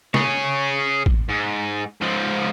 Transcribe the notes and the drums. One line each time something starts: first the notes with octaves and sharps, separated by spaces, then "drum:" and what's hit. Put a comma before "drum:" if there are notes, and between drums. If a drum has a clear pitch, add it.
G#4 C#5, drum: snare
drum: kick A1
G#2
G#2 F3